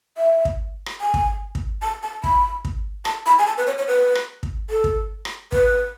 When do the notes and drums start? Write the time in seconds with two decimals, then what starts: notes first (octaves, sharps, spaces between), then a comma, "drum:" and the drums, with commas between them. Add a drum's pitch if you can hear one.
0.17 E5
0.45 drum: kick
0.86 drum: rim click
1.01 G#5
1.14 drum: kick
1.55 drum: kick
1.82 A5
2.03 A5
2.24 B5, drum: kick
2.65 drum: kick
3.05 A5, drum: rim click
3.26 B5
3.39 G#5
3.47 A5
3.58 B4
3.67 C#5
3.78 C#5
3.88 B4
4.15 drum: rim click
4.43 drum: kick
4.70 A4
4.84 drum: kick
5.25 drum: rim click
5.52 B4, drum: kick